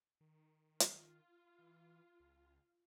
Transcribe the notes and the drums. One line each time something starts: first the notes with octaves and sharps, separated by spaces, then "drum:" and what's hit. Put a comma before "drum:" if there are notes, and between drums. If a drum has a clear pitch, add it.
D#3
F4, drum: hi-hat
E3
C#2